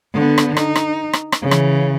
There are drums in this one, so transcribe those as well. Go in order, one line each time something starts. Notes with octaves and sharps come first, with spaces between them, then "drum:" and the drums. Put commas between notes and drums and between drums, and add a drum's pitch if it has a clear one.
D3 B3
drum: rim click
D#4, drum: rim click
drum: rim click
drum: rim click
drum: rim click
C#3 E3
drum: rim click